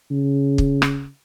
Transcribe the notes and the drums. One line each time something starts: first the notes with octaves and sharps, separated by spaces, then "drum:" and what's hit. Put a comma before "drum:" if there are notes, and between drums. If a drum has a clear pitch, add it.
C#3
drum: kick
drum: rim click